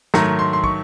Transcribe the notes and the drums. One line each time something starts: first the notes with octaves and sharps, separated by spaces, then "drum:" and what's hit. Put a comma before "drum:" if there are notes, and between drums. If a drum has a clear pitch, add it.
G#2 D#3 F#3 A3 A#5, drum: snare
C6
C6
C#6, drum: kick